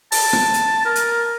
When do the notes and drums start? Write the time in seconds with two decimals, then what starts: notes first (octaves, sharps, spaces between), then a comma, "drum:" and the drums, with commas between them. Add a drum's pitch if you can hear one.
0.12 A5, drum: open hi-hat
0.33 drum: rim click
0.54 drum: hi-hat
0.86 A#4
0.96 drum: hi-hat